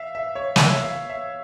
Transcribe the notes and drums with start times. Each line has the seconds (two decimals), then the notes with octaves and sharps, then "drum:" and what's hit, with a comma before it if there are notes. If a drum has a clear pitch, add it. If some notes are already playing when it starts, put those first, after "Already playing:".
Already playing: E5 F5
0.15 E5
0.35 C#5
0.56 E5, drum: snare
0.64 C#5
0.73 E5
0.82 F5
1.10 E5